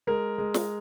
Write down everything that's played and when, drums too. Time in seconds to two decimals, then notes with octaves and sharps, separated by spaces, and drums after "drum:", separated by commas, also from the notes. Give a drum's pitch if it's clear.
0.07 G#3 A#4
0.38 G#3
0.54 drum: snare